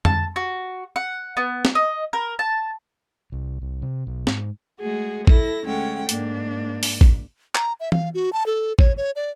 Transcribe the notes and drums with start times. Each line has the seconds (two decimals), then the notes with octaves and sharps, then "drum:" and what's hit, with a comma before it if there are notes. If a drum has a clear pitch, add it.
0.05 A5, drum: tom F2
0.36 F#4
0.96 F#5
1.37 B3
1.65 drum: snare
1.75 D#5
2.13 A#4
2.39 A5
3.32 C2
3.61 C2
3.82 C3
4.07 B1
4.27 G#2, drum: snare
4.79 G#3 A3 F#4 G#4
5.27 E4 A4 A#6, drum: kick
5.64 D2 G#3 C#4 A4 F#5 G5
6.09 G#2 A#3 D4, drum: hi-hat
6.83 drum: open hi-hat
7.01 drum: kick
7.55 A#5, drum: clap
7.80 E5
7.92 F5, drum: tom E3
8.14 F#4
8.33 A5
8.46 A4
8.79 C#5, drum: kick
8.97 C#5
9.16 D5